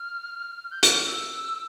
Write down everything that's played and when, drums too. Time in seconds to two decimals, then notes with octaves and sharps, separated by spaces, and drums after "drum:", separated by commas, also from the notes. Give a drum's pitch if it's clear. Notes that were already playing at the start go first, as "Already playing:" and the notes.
Already playing: F6
0.71 G6
0.83 F#6, drum: hi-hat
0.94 F6
1.06 E6